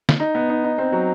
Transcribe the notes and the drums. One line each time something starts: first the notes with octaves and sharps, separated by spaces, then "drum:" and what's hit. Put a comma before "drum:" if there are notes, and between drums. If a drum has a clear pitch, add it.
drum: snare
D#4
B3
D#4
D#4
C4
F#3